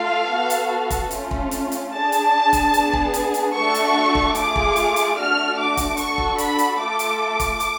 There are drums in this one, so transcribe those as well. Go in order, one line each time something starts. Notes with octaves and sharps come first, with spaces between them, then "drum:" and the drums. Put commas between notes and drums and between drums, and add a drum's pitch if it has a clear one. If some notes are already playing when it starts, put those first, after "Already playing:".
Already playing: A3 F4 A4 F5
B3 F#4 A4
drum: hi-hat
drum: kick, hi-hat
A3 C#4 F4, drum: hi-hat
drum: kick
drum: hi-hat
drum: hi-hat
D4 G#4 A5
drum: hi-hat
drum: kick, hi-hat
B3 D4 G#4, drum: hi-hat
drum: kick
drum: hi-hat
drum: hi-hat
A3 D4 F#4 A4 C#6
drum: hi-hat
drum: kick
A3 F4 G#4 D6, drum: hi-hat
drum: kick
drum: hi-hat
drum: hi-hat
A3 D4 F#4 F6
D6
drum: kick, hi-hat
D4 F#4 A4 C#6, drum: hi-hat
drum: kick
B5, drum: hi-hat
drum: hi-hat
A3 F4 A4 D6
drum: hi-hat
drum: kick, hi-hat
drum: hi-hat